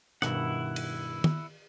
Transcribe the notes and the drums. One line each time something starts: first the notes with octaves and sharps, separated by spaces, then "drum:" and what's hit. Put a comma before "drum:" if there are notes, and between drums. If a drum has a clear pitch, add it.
G2 B2 D#3 E4 F#5, drum: rim click
drum: cymbal
drum: tom D#3